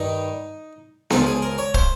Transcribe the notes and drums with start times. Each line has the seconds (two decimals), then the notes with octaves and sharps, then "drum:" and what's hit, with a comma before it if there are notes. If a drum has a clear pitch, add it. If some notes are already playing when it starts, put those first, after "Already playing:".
Already playing: G2 D#3 D#4
1.10 C#2 C#3 F3 F4, drum: snare B3
1.27 G#4
1.42 A#4
1.58 C#5
1.74 C5, drum: kick